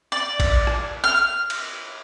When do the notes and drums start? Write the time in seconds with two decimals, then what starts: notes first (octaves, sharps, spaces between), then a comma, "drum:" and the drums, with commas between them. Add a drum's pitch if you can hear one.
0.12 D5
0.40 drum: kick A1, cymbal
0.67 drum: rim click
1.04 F6
1.50 drum: cymbal